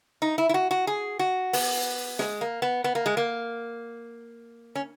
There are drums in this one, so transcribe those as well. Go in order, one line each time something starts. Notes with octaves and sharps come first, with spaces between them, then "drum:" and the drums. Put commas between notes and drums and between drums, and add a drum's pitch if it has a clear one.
D#4
E4
E4
F#4
F#4
G#4
F#4
B3, drum: open hi-hat
G#3, drum: snare
A#3
B3
B3
A#3
G#3
A#3
C#4